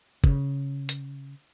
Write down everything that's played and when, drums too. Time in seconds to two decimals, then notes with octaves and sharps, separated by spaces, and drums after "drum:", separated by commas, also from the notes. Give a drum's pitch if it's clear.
0.24 C#3, drum: kick
0.89 drum: hi-hat